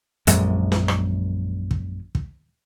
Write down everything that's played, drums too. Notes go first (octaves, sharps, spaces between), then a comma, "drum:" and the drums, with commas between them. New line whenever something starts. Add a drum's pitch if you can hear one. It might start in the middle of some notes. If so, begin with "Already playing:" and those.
A#1 F#2 D3 G#3, drum: hi-hat
drum: snare
drum: rim click
drum: kick
drum: kick